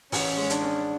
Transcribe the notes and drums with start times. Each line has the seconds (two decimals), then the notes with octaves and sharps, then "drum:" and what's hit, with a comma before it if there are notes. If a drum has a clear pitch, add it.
0.12 A1 C#4, drum: open hi-hat
0.37 G#3
0.50 D4, drum: hi-hat
0.62 C#4